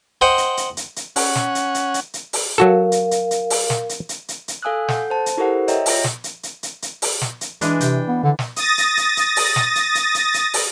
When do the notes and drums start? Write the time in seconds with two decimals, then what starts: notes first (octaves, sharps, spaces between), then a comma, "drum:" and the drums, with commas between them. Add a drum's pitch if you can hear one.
0.21 C5 D#5 F#5 G5
0.38 drum: hi-hat
0.57 drum: hi-hat
0.77 drum: hi-hat
0.96 drum: hi-hat
1.16 C#4 F#5, drum: open hi-hat
1.35 drum: snare
1.55 drum: hi-hat
1.74 drum: hi-hat
1.94 drum: hi-hat
2.14 drum: hi-hat
2.33 drum: open hi-hat
2.58 F#3 F#4 A4 A#4 F5
2.92 drum: hi-hat
3.11 drum: hi-hat
3.31 drum: hi-hat
3.50 drum: open hi-hat
3.70 drum: snare
3.89 drum: hi-hat
4.09 drum: hi-hat
4.28 drum: hi-hat
4.48 drum: hi-hat
4.63 A4 F5 G#5 D#6 E6 F#6
4.88 A4 F#5 G6, drum: snare
5.10 C5 A5
5.26 drum: hi-hat
5.37 E4 G4 A4 A#4 C5 F#5
5.68 C#5 D#5 E5 G5 A#5, drum: hi-hat
5.86 F4 C#5 A#6, drum: open hi-hat
6.04 drum: snare
6.24 drum: hi-hat
6.43 drum: hi-hat
6.63 drum: hi-hat
6.82 drum: hi-hat
7.02 drum: open hi-hat
7.21 drum: snare
7.41 drum: hi-hat
7.61 E3 G#3 D4, drum: hi-hat
7.81 C3 G5, drum: hi-hat
8.08 B3
8.23 D3
8.39 drum: snare
8.56 D#6 A6 A#6, drum: hi-hat
8.78 drum: hi-hat
8.97 drum: hi-hat
9.17 drum: hi-hat
9.36 drum: open hi-hat
9.56 drum: snare
9.75 drum: hi-hat
9.95 drum: hi-hat
10.14 drum: hi-hat
10.34 drum: hi-hat
10.54 drum: open hi-hat